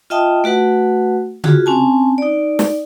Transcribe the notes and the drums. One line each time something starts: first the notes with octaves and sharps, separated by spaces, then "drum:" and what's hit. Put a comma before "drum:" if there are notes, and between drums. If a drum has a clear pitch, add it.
F4 D#5 E5 G5 A5 D#6
A3 F#4 B4 F#5
F4 F#4 G#4, drum: tom C#3
C4 C#4 G#5 A5
D#4 D5
drum: snare